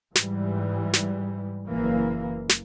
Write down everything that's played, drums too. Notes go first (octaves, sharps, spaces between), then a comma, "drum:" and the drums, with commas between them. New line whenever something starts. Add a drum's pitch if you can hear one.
G#2 E3 G3, drum: snare
drum: snare
F#1 E3 A#3
drum: snare